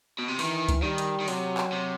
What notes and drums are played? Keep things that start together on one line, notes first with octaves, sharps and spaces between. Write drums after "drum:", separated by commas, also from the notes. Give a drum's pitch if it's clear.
B2
C3
D#3 E3, drum: open hi-hat
drum: kick C#2, hi-hat
D#3 G3
drum: hi-hat
D#3
C3 F#3, drum: open hi-hat
drum: clap
C3